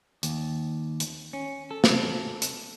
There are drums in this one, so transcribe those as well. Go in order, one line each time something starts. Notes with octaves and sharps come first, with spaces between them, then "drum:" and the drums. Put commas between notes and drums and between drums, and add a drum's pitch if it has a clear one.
D#2, drum: hi-hat
drum: hi-hat
C#4
A4
drum: snare
drum: hi-hat